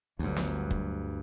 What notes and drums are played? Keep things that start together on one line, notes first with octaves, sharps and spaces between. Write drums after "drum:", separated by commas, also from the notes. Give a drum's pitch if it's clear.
G1 D2 G2 F#3
drum: snare
drum: kick